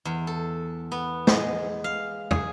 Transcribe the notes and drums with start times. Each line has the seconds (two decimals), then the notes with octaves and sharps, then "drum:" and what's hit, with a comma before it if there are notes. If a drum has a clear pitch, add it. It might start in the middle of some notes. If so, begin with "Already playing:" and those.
0.05 E2
0.27 A4
0.92 B3
1.27 G#3, drum: snare
1.84 F5
2.31 G#4, drum: tom